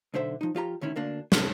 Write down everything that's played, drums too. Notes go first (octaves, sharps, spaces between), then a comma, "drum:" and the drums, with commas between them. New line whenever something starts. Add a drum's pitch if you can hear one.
B1 D3 C5 E5
F3 D#4
F3 F4 G4 A#5
D2 D#3 C#4 E4
D2 A#3 D4
C3 C#4 A4, drum: snare